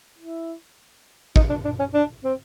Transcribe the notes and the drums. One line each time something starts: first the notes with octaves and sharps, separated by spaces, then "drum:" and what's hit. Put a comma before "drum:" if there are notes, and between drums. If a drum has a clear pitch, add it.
E4
D#4, drum: kick
D4
D4
C#4
D4
C4